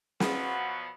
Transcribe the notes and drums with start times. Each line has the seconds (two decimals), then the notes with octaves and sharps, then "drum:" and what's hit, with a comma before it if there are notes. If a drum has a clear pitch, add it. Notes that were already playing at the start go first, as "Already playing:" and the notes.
0.20 B2 F3 F#3 B3, drum: snare